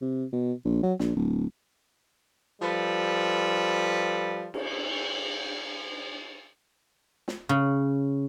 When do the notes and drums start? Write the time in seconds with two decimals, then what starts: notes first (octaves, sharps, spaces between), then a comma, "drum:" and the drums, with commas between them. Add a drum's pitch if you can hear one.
0.01 C3
0.33 B2
0.65 A#1
0.83 F#3
0.99 A#1, drum: snare
1.16 D1
2.61 F3 G3 A4 B4
4.54 drum: cymbal
7.28 drum: snare
7.49 C#3